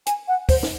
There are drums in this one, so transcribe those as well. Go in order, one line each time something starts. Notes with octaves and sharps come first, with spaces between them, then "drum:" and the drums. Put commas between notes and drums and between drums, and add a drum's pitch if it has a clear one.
G#5, drum: hi-hat
F#5
C5, drum: kick, open hi-hat
drum: snare